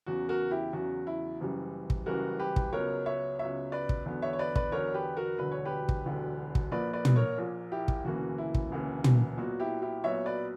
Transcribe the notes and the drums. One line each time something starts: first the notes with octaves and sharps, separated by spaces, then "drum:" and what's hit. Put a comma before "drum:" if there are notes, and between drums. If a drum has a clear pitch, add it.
E2 C#3 F#3 F#4
F#4 A#4
E4 G4
E2 C#3 F#3 F#4
E4
F#1 F#2 E3 G3
drum: kick
F#1 F#2 E3 G3 F#4 A#4
G4 B4
drum: kick
C#2 C#3 F#3 B3 A#4 C#5
C#5 E5
C#2 C#3 F#3 B3 C#5 E5
B4 D5
drum: kick
E2 D3 F#3 B3
C#5 E5
C#5
B4 D5
B4 D5, drum: kick
E2 D3 F#3 B3 A#4 C#5
G4 B4
F#4 A#4
E1 D2 D3 F#3 B4
C#5
G4 B4
drum: kick
E1 D2 D3 F#3
drum: kick
A#1 A#2 A#3 B4 D5
B4 D5
drum: tom
A#4 C#5
A#1 A#2 A#3
E4 G4
drum: kick
E1 D2 C#3 E3 A#3 F#4
E4
drum: kick
E1 D2 C#3 E3 A#3
drum: tom
B1 A#2 F#3 B3 F#4
E4 G4
E4 G4
B1 A#2 F#3 B3 C#5 E5
B4 D5